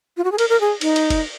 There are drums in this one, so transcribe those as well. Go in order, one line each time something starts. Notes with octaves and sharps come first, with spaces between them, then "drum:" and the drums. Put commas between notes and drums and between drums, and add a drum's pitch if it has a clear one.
F4
F#4
G#4
A#4, drum: cymbal
A#4
G#4
D#4, drum: cymbal
drum: cymbal
drum: kick, cymbal